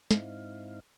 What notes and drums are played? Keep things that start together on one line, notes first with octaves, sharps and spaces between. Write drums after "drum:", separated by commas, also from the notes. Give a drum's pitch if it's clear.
G#2 C4 D#4 E4 F5, drum: snare